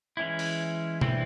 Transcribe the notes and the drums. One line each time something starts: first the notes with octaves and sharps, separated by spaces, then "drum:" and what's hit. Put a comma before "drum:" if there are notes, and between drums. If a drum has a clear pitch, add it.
E3 G#3 C#4 E4
drum: open hi-hat
E3 G3 C4 E4, drum: tom B2